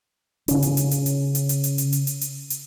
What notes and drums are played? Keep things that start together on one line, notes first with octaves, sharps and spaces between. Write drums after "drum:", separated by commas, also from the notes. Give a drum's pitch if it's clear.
C#3 C#4, drum: hi-hat
drum: hi-hat
drum: hi-hat
drum: hi-hat
drum: hi-hat
drum: hi-hat
drum: hi-hat
drum: hi-hat
drum: hi-hat
drum: hi-hat
drum: hi-hat
drum: hi-hat
drum: hi-hat